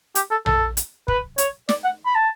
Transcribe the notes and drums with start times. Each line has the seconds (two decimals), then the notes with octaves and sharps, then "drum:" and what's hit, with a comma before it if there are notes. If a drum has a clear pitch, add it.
0.15 G4, drum: hi-hat
0.31 A4
0.46 A4, drum: tom A#1
0.77 drum: hi-hat
1.08 B4, drum: kick
1.38 C#5, drum: hi-hat
1.69 D5, drum: snare
1.84 F#5
2.06 B5
2.15 A5